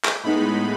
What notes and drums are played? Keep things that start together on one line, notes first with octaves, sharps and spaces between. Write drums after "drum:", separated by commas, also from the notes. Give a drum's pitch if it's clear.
drum: clap
A2 G#3 B3 D#4 B5